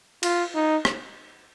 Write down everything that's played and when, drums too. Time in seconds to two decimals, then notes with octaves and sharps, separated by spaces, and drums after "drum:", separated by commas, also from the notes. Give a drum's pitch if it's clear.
0.23 F4, drum: cymbal
0.55 D#4
0.85 drum: rim click